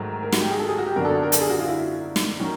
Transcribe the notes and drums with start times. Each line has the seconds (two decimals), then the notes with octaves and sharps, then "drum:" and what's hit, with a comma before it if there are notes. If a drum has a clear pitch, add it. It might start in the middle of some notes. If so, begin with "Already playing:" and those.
Already playing: G#2 D#3 F#3 A3
0.23 A#4
0.32 F#4, drum: snare
0.42 G4
0.51 G#4
0.60 A4
0.69 G#4
0.78 F#4
0.86 G4
0.96 F#2 D3 F#3 B3 D4 A#4
1.05 A4
1.23 A#4
1.32 A4, drum: hi-hat
1.41 G#4
1.50 F#4
1.59 F4
1.68 E4
2.16 drum: snare
2.40 D#3 F#3 A#3 C#4